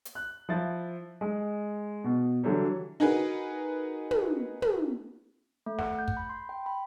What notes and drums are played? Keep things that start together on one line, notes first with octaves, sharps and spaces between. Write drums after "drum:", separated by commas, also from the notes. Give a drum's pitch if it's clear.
drum: hi-hat
F#6
F3 E4 A6
G#3
B2
D3 E3 F#3 G3
D#4 F#4 G#4 A#4 B4
drum: tom
drum: tom
A3
F#5, drum: snare
G6
drum: kick
B5
C6
G5
B5